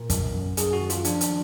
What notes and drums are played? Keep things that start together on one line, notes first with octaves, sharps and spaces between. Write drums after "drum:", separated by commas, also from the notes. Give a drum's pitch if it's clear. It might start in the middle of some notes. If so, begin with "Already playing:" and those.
Already playing: A#2 A#4
F#2, drum: kick, hi-hat
F#2
F#2 G#4, drum: hi-hat
F#4
D#3
F4, drum: hi-hat
F3 D4, drum: hi-hat
drum: hi-hat